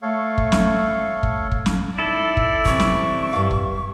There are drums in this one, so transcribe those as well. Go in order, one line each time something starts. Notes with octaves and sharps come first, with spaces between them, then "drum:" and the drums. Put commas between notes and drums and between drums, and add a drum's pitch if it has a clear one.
A3 A4 C#5 F5
drum: kick
drum: snare
drum: kick
drum: kick
drum: snare
D#4 E4 A4 D5
drum: kick
C3 E3 C#6, drum: kick
drum: snare
G2 F5
drum: kick